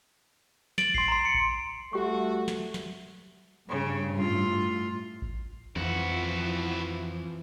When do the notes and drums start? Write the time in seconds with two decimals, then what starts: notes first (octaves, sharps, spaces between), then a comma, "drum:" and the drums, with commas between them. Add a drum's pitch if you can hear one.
0.78 A6 D7 F#7, drum: snare
0.94 C6 C7, drum: kick A1
1.08 A#5 C6
1.25 C#7
1.34 drum: kick A1
1.93 G3 A3 F#4 G4 C#6
2.48 drum: snare
2.74 drum: snare
3.70 G2 C#3
4.15 A2 F4
5.22 drum: kick A1
5.76 F2 E3 F3 E4 F#4